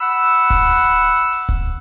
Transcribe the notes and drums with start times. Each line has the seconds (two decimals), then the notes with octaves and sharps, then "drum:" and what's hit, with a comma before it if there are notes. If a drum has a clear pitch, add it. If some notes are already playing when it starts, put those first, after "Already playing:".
0.01 F#5 B5 E6
0.34 drum: open hi-hat
0.50 drum: kick D1
0.83 drum: hi-hat
1.16 drum: hi-hat
1.32 drum: open hi-hat
1.49 drum: kick D1, hi-hat